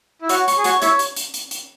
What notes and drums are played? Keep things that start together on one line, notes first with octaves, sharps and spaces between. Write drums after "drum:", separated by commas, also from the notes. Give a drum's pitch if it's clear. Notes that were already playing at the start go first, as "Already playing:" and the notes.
E4
F#4 C#5, drum: hi-hat
C#6, drum: hi-hat
G#4
F#4 C#5, drum: hi-hat
E4 C#5 E5, drum: hi-hat
drum: hi-hat
drum: hi-hat
drum: hi-hat
drum: hi-hat